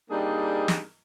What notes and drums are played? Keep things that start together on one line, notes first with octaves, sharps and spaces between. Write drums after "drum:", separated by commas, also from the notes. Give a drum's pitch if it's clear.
G3 A#3 C4 D4 D#4 G#4
drum: snare